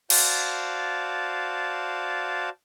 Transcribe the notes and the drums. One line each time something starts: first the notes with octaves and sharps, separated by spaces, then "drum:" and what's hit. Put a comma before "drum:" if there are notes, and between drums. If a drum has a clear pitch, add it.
F#4 C5 D5 F5 A5, drum: cymbal